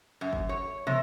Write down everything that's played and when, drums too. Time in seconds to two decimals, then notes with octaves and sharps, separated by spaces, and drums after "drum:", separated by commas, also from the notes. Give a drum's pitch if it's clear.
0.21 F#2
0.33 drum: kick G1
0.49 C#5
0.87 C3, drum: tom